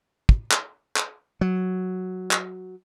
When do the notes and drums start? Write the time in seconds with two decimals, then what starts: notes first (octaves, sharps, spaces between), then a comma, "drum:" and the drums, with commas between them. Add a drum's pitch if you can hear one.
0.29 drum: kick
0.51 drum: clap
0.96 drum: clap
1.41 F#3
2.31 drum: clap